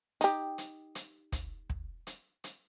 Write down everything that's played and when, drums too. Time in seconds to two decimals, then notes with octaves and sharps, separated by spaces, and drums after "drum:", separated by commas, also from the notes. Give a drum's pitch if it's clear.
0.21 D#4 G4, drum: hi-hat
0.58 drum: hi-hat
0.95 drum: hi-hat
1.32 drum: kick, hi-hat
1.70 drum: kick
2.07 drum: hi-hat
2.44 drum: hi-hat